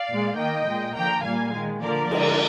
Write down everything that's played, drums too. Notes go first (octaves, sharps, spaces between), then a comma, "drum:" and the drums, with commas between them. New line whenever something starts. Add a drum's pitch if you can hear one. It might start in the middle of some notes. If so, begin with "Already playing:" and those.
Already playing: D5 F5
A#2 G#3
D#3 A#3 D#5 G5
A#2 G#3
D3 F3 A#3 G5 A#5
A#2 G3 A#3 F5 G#5
D#3 G#3
D3 F3 A#3 A#4 D5
D3 G#3, drum: cymbal